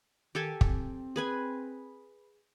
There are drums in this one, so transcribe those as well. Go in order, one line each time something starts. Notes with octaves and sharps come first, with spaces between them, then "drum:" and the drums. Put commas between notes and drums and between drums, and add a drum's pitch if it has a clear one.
D#3 G4 A4 G#5
C4, drum: kick
G#4 B4 G#5